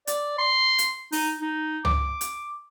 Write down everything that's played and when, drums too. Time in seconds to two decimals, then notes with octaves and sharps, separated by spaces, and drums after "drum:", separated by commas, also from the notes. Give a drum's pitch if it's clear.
0.07 D5, drum: hi-hat
0.38 C6
0.78 drum: hi-hat
1.12 D#4, drum: open hi-hat
1.41 D#4
1.85 D6, drum: tom C#2
2.21 drum: hi-hat